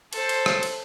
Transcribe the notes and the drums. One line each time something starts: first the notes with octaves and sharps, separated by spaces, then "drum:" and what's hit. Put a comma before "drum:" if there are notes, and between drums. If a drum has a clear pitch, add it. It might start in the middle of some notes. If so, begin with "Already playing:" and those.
A4 C5, drum: cymbal
drum: cymbal
drum: rim click
drum: cymbal